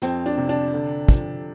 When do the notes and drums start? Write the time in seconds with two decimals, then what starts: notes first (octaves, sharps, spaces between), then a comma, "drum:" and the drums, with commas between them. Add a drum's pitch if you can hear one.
0.02 F2 C4, drum: hi-hat
0.26 D4
0.38 C3
0.49 D4
0.73 D3
1.09 F3, drum: kick